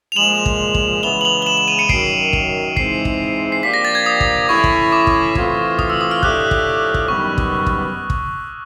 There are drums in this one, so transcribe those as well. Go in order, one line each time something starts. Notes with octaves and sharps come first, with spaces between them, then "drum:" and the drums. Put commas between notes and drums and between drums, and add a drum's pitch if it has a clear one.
F7
A#2 F3 G#3 E7 F#7
drum: kick
drum: kick
C#3 E3 G#3 B3 F7 G7
F#7
F7 G7
G7
E7 F#7
E7 F#7
D#7 F7
C#7 D#7
F#2 D#3 F#3 C7 D7, drum: kick
drum: kick
G#2 E3 G#3 C4 D#4 C7, drum: kick
drum: kick
C7
F3 A#3 D4 G4 B6
A#6
A6
G#6
D#6
drum: kick
E3 A3 C#4 E4 C#6
drum: kick
D6
drum: kick
E3 A3 C4 F4, drum: kick
D#6, drum: kick
E6
D#6
F6
A2 F3 A3 D4 G4 F#6, drum: kick
drum: kick
drum: kick
F#2 D#3 G3 B3 C#6
drum: kick
drum: kick
drum: kick